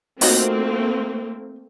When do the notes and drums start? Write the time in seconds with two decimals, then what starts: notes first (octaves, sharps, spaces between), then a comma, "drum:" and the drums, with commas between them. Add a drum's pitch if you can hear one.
0.21 A3 A#3 C4 D#4 F4 F#4, drum: open hi-hat